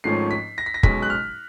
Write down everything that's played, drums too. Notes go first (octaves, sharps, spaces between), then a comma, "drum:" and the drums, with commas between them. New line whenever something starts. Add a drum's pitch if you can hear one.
G#1 G#2 F3 A3 C#4 C7
B6
A#6
B6
A#6
B1 B2 G#3 C#4 B6, drum: kick
F#6
F6